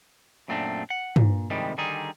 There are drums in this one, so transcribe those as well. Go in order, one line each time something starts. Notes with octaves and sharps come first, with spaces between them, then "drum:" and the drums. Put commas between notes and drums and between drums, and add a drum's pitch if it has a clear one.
F#2 A#2 A3 C4 D4
F#5
A#2, drum: tom G2
A2 C3 D#3 F3 G3 G#3
D3 D#3 G3 D#4 G#4